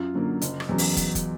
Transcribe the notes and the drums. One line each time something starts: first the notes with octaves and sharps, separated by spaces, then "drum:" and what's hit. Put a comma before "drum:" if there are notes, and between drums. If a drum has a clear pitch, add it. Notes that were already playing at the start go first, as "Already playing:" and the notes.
Already playing: F#2 F4
D3 F#3 A#3
F#1, drum: hi-hat
drum: rim click
E2 C#3 F#3
drum: open hi-hat
drum: kick, hi-hat
drum: kick, hi-hat